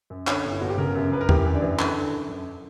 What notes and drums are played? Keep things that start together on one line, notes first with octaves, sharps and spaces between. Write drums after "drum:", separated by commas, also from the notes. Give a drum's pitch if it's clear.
F#2
D3 C#5, drum: clap
G1
E4
G1 F#4
G4
C#3 A#4
F#2
F#2 B4
A#4
E3 G4, drum: tom E2
F#2
D4
E3
D3, drum: clap
D3
F#2
F#2